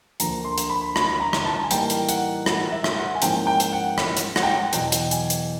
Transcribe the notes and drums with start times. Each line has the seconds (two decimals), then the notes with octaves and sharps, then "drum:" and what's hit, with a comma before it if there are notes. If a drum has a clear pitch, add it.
0.20 D2 D3 F3 A#3 A#5, drum: hi-hat
0.45 C6
0.58 drum: hi-hat
0.70 B5
0.96 B5, drum: rim click
1.20 A#5
1.33 drum: rim click
1.46 A5
1.56 A5
1.64 G#5
1.71 A2 E3 G3 A#3 D#4 G5, drum: hi-hat
1.90 drum: hi-hat
2.09 F#5, drum: hi-hat
2.46 F#5, drum: rim click
2.72 E5
2.84 drum: rim click
2.97 F#5
3.15 G#5
3.22 G#2 F3 A#3 C#4 E4 G5, drum: hi-hat
3.47 G5
3.60 drum: hi-hat
3.72 F#5
3.98 drum: rim click
4.17 drum: hi-hat
4.36 F#5, drum: rim click
4.43 G5
4.50 F#5
4.73 E2 B2 F#3 G5, drum: hi-hat
4.92 drum: hi-hat
5.11 G#5, drum: hi-hat
5.30 drum: hi-hat